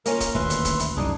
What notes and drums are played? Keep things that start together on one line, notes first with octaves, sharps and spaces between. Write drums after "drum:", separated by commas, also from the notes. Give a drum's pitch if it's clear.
A#3 C#4 F4 A#4, drum: hi-hat
drum: kick, hi-hat
D#1 D2 B4 E5 C6
drum: hi-hat
drum: kick, hi-hat
drum: hi-hat
C2 F#2 E3 D4 D#4 G#4